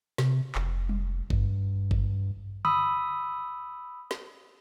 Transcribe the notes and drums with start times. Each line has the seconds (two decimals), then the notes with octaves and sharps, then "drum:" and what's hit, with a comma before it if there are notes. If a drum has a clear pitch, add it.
0.18 C3, drum: snare
0.55 F1, drum: clap
0.89 drum: tom G3
1.30 G2, drum: kick G1
1.91 drum: kick G1
2.65 B5 D#6 E6, drum: tom D3
4.11 drum: snare